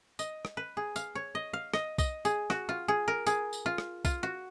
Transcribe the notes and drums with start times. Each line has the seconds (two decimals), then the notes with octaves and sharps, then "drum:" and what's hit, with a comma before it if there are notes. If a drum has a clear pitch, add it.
0.19 D#5, drum: tambourine
0.45 drum: rim click
0.57 B4
0.77 G#4
0.96 F5, drum: tambourine
1.15 C#5
1.35 D#5
1.53 F5
1.74 D#5, drum: rim click
1.98 D#5, drum: kick B1, tambourine
2.25 G#4, drum: tambourine
2.50 F#4, drum: rim click
2.69 F4
2.88 G#4
3.08 A#4
3.27 G#4, drum: tambourine
3.53 drum: tambourine
3.66 F4
3.78 drum: rim click
4.05 F4, drum: kick B1, tambourine
4.23 F#4